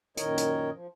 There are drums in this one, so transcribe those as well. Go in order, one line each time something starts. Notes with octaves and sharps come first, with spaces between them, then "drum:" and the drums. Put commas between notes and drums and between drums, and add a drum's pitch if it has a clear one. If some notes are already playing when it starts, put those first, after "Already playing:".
F#2 A#2 D#3 A#4 C#5 D#5, drum: hi-hat
drum: hi-hat
F3